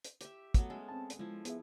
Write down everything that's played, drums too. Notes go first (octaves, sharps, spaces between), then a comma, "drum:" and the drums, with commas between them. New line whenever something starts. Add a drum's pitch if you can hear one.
drum: hi-hat
G4 E5, drum: hi-hat
F#3 A3 B3, drum: kick, hi-hat
G#3 C#4 A4
C4 A5
drum: hi-hat
F3 G#3 E4
B3 G#4 E5, drum: hi-hat